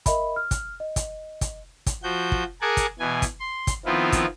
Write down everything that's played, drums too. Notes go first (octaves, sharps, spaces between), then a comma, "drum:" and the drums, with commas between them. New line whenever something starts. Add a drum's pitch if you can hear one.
A#4 D#5 E5 B5, drum: kick, hi-hat
F6
drum: kick, hi-hat
D#5
drum: kick, hi-hat
drum: kick, hi-hat
drum: kick, hi-hat
F3 F#4 G6
drum: kick
G#4 A#4 F#5 G#5 A5 D6
drum: kick, hi-hat
B2 E3 G#5
drum: kick, hi-hat
C6
drum: kick, hi-hat
D#3 F3 B3 C4 E4 F4
drum: kick, hi-hat